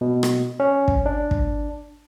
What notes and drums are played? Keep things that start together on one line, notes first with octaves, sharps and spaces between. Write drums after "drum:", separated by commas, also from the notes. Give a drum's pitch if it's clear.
B2
drum: rim click
C#4
drum: kick
D4
drum: kick